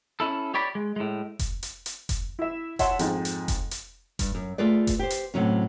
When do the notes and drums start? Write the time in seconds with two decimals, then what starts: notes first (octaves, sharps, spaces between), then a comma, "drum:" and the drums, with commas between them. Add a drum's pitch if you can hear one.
0.20 C#4 E4 A4
0.54 G4 C#5 D5 B5
0.75 G#3
0.96 A2 G#3
1.39 drum: kick F1, hi-hat
1.63 drum: hi-hat
1.86 drum: hi-hat
2.09 drum: kick F1, hi-hat
2.39 E4 E5
2.79 C#5 E5 F#5 A5 C6, drum: kick F1, hi-hat
2.99 F2 G#2, drum: hi-hat
3.25 drum: hi-hat
3.48 drum: kick F1, hi-hat
3.71 drum: hi-hat
4.19 G2, drum: kick F1, hi-hat
4.35 F#2
4.58 A3 F4 G#4 B4 D5
4.87 drum: kick F1, hi-hat
4.99 G4 C5
5.10 drum: hi-hat
5.34 A2 C3 F#3 C#4